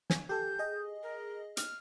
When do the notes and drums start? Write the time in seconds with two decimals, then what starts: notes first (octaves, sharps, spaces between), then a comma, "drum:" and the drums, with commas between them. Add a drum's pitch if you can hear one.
0.10 G#5, drum: snare
0.29 G4 A4 G6
0.59 G#4 D#5
1.03 A#4
1.57 F6, drum: hi-hat